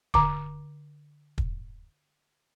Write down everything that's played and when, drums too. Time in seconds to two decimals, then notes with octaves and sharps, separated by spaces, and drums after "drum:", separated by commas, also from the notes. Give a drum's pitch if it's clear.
0.14 D3 D6, drum: kick
1.38 drum: kick